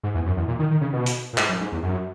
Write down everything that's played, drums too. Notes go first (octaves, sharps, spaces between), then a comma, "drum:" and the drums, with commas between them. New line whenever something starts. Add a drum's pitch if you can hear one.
G#2
E2
F#2
E2
A#2
D#3
D#3
C#3
B2
drum: hi-hat
A#2
G#2, drum: clap
F#2
G#2
E2
F#2